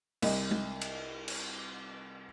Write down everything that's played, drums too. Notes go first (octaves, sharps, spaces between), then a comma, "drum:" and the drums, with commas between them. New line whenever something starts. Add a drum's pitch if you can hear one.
C2 D#5, drum: cymbal
drum: tom G#3
drum: cymbal
drum: cymbal